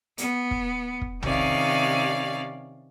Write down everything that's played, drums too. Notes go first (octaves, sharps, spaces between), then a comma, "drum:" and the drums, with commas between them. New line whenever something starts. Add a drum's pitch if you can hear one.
B3, drum: hi-hat
drum: kick
drum: kick
C3 D#3 C#4 D5 F5, drum: tom A#1